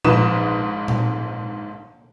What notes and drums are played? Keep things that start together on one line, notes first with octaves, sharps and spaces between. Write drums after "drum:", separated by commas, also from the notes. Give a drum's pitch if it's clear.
A#1 G#2 F3 B4 D#6 E7, drum: tom A#2
drum: tom A#2